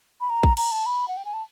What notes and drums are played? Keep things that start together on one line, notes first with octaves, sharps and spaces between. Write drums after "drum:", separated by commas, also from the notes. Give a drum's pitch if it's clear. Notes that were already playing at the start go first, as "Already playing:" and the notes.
B5
A#5
drum: kick
A#5, drum: cymbal
A5
B5
F#5
G5
G#5
A5